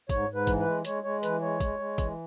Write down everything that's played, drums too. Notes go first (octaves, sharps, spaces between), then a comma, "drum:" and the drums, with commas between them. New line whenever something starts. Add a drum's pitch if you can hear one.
G#2 C#5, drum: kick, hi-hat
G#2
B4
E3, drum: kick, hi-hat
B4
G#3
G#3 C#5, drum: hi-hat
G#3 C#5
E3 B4, drum: hi-hat
G#3 C#5
G#3, drum: kick, hi-hat
G#3
E3, drum: kick, hi-hat